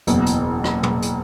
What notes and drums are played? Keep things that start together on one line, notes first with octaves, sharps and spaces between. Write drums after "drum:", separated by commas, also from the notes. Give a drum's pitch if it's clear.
F#1 E2 B2, drum: hi-hat
drum: hi-hat
drum: rim click
drum: tom
drum: hi-hat